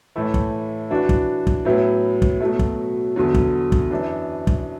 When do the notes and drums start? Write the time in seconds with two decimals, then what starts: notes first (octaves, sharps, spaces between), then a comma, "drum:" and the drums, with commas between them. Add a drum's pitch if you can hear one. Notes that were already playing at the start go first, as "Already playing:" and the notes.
0.16 A2 E3 A3 E4
0.34 drum: kick
0.90 E3 D4 F#4
1.09 drum: kick
1.47 drum: kick
1.65 A2 F#3 B3 E4
2.22 drum: kick
2.40 B2 F#3 A3
2.59 drum: kick
3.16 E2 D3 F#3
3.34 drum: kick
3.72 drum: kick
3.91 F#2 E3 D4
4.47 drum: kick